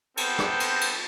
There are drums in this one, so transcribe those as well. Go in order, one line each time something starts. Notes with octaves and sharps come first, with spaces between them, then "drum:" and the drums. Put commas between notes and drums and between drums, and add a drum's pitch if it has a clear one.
B3 A4 C5 G5, drum: cymbal
drum: rim click
drum: cymbal
drum: cymbal